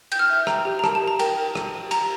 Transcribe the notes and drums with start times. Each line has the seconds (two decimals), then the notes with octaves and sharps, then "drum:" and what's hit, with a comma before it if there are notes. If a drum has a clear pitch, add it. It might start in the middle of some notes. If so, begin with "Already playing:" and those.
0.12 G5 G6, drum: cymbal
0.19 F6
0.28 E5 G6
0.47 G5 A#5, drum: rim click
0.65 G4
0.79 A#5
0.84 A#4 A5, drum: rim click
0.95 A5
1.01 A#4
1.08 A#5
1.19 A#4 G5, drum: cymbal
1.37 A#4
1.55 G4, drum: rim click
1.74 G4
1.91 G4 A#5, drum: cymbal